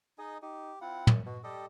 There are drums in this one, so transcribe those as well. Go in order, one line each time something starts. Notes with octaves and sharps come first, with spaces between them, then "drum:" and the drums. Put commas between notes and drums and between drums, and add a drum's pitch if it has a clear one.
D#4 G#4 D#5
D#4 G4
C4 E4 F4 F#5
F#2, drum: tom
B2 F#4
G3 G4 A4 D#5